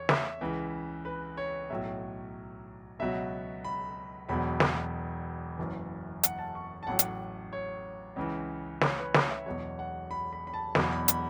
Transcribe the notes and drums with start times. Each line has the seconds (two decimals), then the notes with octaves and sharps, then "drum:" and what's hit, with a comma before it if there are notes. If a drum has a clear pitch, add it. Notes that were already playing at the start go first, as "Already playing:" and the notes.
Already playing: E2 C#5
0.09 E5, drum: snare
0.41 C#2 C#3 E3
1.05 B4
1.37 C#5
1.70 B1 A2 F#3 E5
2.99 C#2 B2 F#3 E5
3.64 B5
4.29 E1 E2 B2 F#3 B5
4.60 drum: snare
5.58 F#1 F#2 E3
6.23 F#5, drum: hi-hat
6.38 A5
6.55 C#6
6.83 A5
6.87 A1 A2 F#3 F#5
6.99 drum: hi-hat
7.53 C#5
8.16 C#2 C#3 E3
8.81 C#5, drum: snare
8.98 B4
9.14 C#5, drum: snare
9.30 E5
9.46 E1 E2 B2 F#3 C#5
9.79 F#5
10.11 B5
10.33 B5
10.47 B5
10.54 A5
10.75 E1 E2 B2 F#3 B5, drum: snare
10.92 B5
11.08 B5, drum: hi-hat